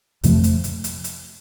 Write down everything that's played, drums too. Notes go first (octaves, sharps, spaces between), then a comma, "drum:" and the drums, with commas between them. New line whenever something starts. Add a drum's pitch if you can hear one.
F2 C3 F3 A3, drum: hi-hat
drum: hi-hat
drum: hi-hat
drum: hi-hat
drum: hi-hat